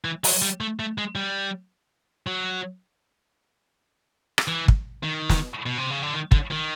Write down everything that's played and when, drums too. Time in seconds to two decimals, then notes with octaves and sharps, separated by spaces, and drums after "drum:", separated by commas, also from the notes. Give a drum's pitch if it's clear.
0.05 E3
0.24 F#3, drum: open hi-hat
0.42 G3
0.61 A3
0.80 A3
0.98 G#3
1.16 G3
2.27 F#3
4.38 drum: rim click
4.48 E3
4.68 drum: kick
5.03 D#3
5.29 drum: snare
5.66 B2
5.78 C3
5.90 C#3
6.02 D3
6.14 D#3
6.32 D3, drum: kick
6.51 D#3